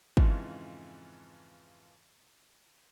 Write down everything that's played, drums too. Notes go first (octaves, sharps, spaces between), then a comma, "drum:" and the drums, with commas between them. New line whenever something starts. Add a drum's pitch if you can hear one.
F2 G#2 C#3 E3 F3, drum: kick